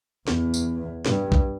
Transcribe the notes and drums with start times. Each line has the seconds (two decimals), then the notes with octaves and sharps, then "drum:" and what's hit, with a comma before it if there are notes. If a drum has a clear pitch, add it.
0.28 E2, drum: snare
0.54 drum: tambourine
1.06 G2, drum: snare
1.32 drum: kick